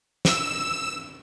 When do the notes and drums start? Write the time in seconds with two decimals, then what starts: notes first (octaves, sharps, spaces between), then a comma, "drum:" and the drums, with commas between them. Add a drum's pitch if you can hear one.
0.25 E6 E7, drum: snare